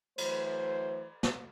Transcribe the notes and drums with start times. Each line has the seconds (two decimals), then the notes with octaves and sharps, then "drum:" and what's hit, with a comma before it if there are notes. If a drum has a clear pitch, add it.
0.18 E3 F#3 A3 C5, drum: cymbal
1.23 drum: snare